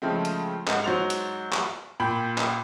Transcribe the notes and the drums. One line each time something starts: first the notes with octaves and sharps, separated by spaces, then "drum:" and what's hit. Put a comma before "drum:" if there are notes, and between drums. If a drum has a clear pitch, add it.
C#3 F3 G#3 A3 C4
drum: hi-hat
G#2 D#4 F#5, drum: clap
G#2 F#3 F#4 C5 A6 F7
drum: hi-hat
drum: clap
A#2 G5 B5 F#7
drum: clap